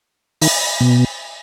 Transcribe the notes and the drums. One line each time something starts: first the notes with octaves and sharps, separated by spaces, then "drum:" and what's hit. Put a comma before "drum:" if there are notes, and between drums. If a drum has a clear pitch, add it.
D#3, drum: open hi-hat
B2